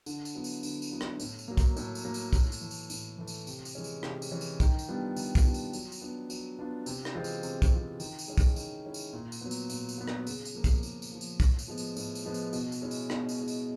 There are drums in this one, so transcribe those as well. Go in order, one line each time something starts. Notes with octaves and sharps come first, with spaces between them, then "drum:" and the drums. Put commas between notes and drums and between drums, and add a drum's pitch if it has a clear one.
D3, drum: tambourine
drum: tambourine
F#3 B3 E4
drum: tambourine
D3, drum: tambourine
drum: tambourine
F#3 B3 E4
drum: rim click
A2, drum: tambourine
drum: tambourine
F#3 A#3
drum: kick, tambourine
A2, drum: tambourine
drum: tambourine
F#3 A#3
drum: tambourine
A2, drum: kick, tambourine
drum: tambourine
E3 A3
drum: tambourine
A2, drum: tambourine
E3 A3
drum: tambourine
C3, drum: tambourine
drum: tambourine
E3 G#3 C#4
drum: tambourine
C3, drum: rim click
drum: tambourine
E3 G#3 C#4
drum: tambourine
D#3, drum: kick, tambourine
drum: tambourine
G3 B3 D4 F4
D#3, drum: tambourine
drum: kick, tambourine
G3 B3 D4 F4
drum: tambourine
F#3, drum: tambourine
drum: tambourine
B3 D4 F4
F#3, drum: tambourine
B3 D4 F4
C3, drum: tambourine
drum: rim click
E3 G#3 C4 F4
drum: tambourine
C3, drum: tambourine
drum: kick, tambourine
E3 G#3 C4 F4
D#3, drum: tambourine
drum: tambourine
G#3 C#4 E4
drum: kick, tambourine
D#3, drum: tambourine
G#3 C#4 E4
drum: tambourine
A#2
drum: tambourine
F#3 B3
drum: tambourine
A#2, drum: tambourine
drum: tambourine
F#3 B3
drum: rim click
C#3, drum: tambourine
drum: tambourine
F3 A#3
drum: kick, tambourine
C#3, drum: tambourine
drum: tambourine
F3 A#3
drum: tambourine
A2, drum: kick, tambourine
drum: tambourine
F3 G#3 B3
drum: tambourine
A2, drum: tambourine
drum: tambourine
F3 G#3 B3
drum: tambourine
B2, drum: tambourine
drum: tambourine
G#3 C#4 E4
drum: tambourine
B2, drum: rim click
drum: tambourine
G#3 C#4 E4
drum: tambourine